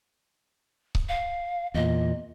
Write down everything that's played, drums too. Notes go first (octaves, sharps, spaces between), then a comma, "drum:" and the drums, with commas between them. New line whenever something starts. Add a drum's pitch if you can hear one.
drum: kick C#1
F5
E2 A#2 D#5